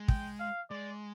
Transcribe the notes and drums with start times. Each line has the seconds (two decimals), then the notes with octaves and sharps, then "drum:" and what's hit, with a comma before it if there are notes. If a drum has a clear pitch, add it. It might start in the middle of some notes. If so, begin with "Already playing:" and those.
Already playing: G#3
0.08 G5, drum: kick
0.40 F5
0.70 G#3 D5